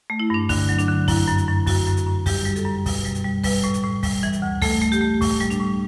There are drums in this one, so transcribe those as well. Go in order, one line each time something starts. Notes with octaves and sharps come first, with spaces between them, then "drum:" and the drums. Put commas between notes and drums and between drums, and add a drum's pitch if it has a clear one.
A3
E4
G2 D4
D3 D4, drum: kick, open hi-hat
F#3
D4, drum: hi-hat
D3
F#2 E4, drum: kick, open hi-hat
F#2
drum: hi-hat
F#2
F#2 F#4, drum: kick, open hi-hat
F#2
drum: hi-hat
F#2
G3 G4, drum: kick, open hi-hat
G3
A4, drum: hi-hat
F#2
B2, drum: kick, open hi-hat
G3
drum: hi-hat
G3
G3 B4, drum: kick, open hi-hat
A2
drum: hi-hat
A2
G3, drum: kick, open hi-hat
E3
drum: hi-hat
D2
A3 A4, drum: kick, open hi-hat
A3
G4, drum: hi-hat
A3
A2, drum: kick, open hi-hat
G3
D4, drum: hi-hat
A2